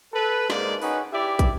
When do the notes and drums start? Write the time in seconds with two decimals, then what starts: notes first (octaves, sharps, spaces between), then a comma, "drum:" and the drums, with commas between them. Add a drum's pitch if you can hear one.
0.13 A4 B4
0.50 G#2 G#3 A#3 C5 D5, drum: snare
0.82 C#4 D#4 F#4 G#4 B4, drum: open hi-hat
1.13 E4 G4 D5 E5
1.39 drum: kick, hi-hat